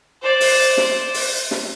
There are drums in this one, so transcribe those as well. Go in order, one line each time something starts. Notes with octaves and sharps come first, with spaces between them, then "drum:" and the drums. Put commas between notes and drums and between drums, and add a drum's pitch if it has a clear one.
C5 D5
drum: open hi-hat
drum: snare
drum: open hi-hat
drum: snare